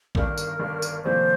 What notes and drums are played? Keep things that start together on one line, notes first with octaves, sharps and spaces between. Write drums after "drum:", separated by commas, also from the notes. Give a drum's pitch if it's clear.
G1 G2 D#3 G3 D4 A#4, drum: kick
drum: tambourine
G1 G2 D#3 G3 D4
drum: tambourine
F1 F2 D#3 G3 A#3 C5